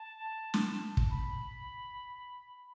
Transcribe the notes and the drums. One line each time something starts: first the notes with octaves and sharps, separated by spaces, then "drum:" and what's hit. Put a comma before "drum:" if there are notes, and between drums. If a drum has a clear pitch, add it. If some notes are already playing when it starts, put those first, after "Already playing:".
Already playing: A5
drum: snare
drum: kick
B5